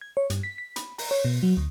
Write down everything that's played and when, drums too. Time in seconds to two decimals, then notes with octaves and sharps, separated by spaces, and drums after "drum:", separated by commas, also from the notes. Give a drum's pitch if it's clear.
0.01 G#6
0.17 C#5
0.30 G2, drum: hi-hat
0.43 B6
0.58 B6
0.76 B5, drum: hi-hat
0.98 A#5, drum: open hi-hat
1.11 C#5
1.25 B2
1.43 F#3
1.57 D2